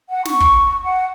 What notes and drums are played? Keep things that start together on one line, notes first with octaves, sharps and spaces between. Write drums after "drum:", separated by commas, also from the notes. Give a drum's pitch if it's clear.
F#5
C#6, drum: snare
drum: kick
F#5